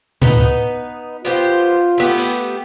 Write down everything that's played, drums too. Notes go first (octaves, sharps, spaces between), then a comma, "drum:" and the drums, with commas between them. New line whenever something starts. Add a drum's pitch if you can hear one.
B3 D#4 B4, drum: tom A2
B3 F4 G4 C5
A3 B3 G4
drum: open hi-hat